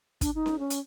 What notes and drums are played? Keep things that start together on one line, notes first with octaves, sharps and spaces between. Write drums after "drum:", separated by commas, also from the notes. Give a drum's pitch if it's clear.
D4, drum: kick, hi-hat
D#4
drum: snare C#4
C#4
drum: hi-hat